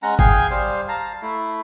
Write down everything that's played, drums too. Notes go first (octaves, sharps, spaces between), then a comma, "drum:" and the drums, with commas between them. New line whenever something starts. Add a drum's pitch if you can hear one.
G#3 C#4 F#5 A#5
G#4 F5 G5 G#5, drum: kick G1
G3 C5 F5
F5 A5 A#5
A3 E4